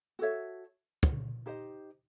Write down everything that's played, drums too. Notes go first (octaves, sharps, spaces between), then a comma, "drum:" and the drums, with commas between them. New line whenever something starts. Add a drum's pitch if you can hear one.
F#4 A4 C#5 E5
drum: kick
D#4 G4 C5 D#5